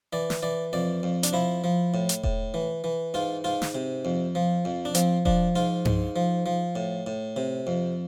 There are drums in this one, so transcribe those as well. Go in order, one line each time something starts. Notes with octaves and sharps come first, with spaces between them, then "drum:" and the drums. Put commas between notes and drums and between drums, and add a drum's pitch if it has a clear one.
E3 D5
drum: snare
E3 D5
F2 D5
F2
D4, drum: hi-hat
F3 E4
F3
A2
drum: hi-hat
A2, drum: kick E1
E3
E3
G#2 F4
G#2 F4
drum: snare
C3
F2
F3
F2
D4
F3 C4, drum: hi-hat
F3 D4, drum: kick E1
G#2 F4
G#2, drum: tom G2
F3
F3
A2
A2
C3
F2